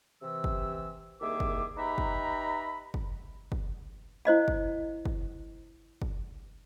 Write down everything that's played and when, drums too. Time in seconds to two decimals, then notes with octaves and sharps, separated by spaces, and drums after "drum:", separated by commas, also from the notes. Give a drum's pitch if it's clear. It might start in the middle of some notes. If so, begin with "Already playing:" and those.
0.22 C3 E3 E6
0.44 drum: kick
1.21 C2 D#3 A#3 G#4 E5 D6
1.40 drum: kick
1.77 D#4 G4 B4 E5 A#5 B5
1.98 drum: kick
2.94 drum: kick
3.52 drum: kick
4.25 E4 C5 D#5 F5
4.48 drum: kick
5.05 drum: kick
6.02 drum: kick